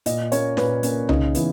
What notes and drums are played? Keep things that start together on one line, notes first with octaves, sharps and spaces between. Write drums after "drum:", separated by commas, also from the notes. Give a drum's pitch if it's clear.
A#2 D#5, drum: hi-hat
A#3 C#4 C#5, drum: hi-hat
A#2 B4, drum: snare
A#3 C#4, drum: hi-hat
C#3 D#4, drum: tom C2
E3 B3, drum: hi-hat